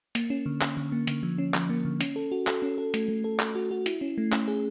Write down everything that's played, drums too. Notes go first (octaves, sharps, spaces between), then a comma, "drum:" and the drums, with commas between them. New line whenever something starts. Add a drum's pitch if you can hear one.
A#3, drum: hi-hat
C#4
D3
C#4, drum: clap
D3
A#3
D3, drum: hi-hat
F3
C#4
F3, drum: clap
A#3
D3
C#4, drum: hi-hat
A4
F#4
A4, drum: clap
C#4
A4
A3, drum: hi-hat
A3
A4
A4, drum: clap
F#4
F#4
E4, drum: hi-hat
C#4
A3
C#4, drum: clap
G#4